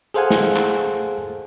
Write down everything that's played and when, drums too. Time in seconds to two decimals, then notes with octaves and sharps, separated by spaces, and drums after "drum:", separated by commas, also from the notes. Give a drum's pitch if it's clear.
0.14 G#4 A4 C5 F5 F#5 G#5
0.30 drum: snare
0.56 drum: clap